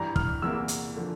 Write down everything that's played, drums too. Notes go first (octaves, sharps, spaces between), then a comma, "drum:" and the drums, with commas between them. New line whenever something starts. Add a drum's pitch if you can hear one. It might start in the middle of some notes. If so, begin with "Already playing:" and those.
Already playing: G2 E3 G3 A#5
F6, drum: kick
E2 C3 E3 A#3 E4 E6
drum: hi-hat
D3 F3